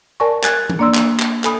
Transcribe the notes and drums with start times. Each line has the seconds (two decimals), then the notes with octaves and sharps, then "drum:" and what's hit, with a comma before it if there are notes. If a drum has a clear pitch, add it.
0.20 A#4 D5 G#5 A5 C#6
0.43 G#5 F#6 G#6 A6, drum: clap
0.70 drum: tom
0.79 A#3 D4 D5 C6 E6
0.94 drum: clap
1.19 drum: clap
1.44 A4 G#5 B5 D#6, drum: clap